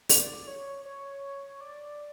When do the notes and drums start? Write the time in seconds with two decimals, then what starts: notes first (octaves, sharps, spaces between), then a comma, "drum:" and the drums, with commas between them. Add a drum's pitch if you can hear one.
0.09 D5, drum: open hi-hat
0.47 C#5
0.85 C#5
1.61 D5